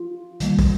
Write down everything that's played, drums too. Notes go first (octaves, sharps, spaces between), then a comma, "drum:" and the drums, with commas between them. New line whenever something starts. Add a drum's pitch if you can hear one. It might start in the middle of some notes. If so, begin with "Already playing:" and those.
Already playing: F4
D#3 G3 A#3, drum: hi-hat
drum: kick, open hi-hat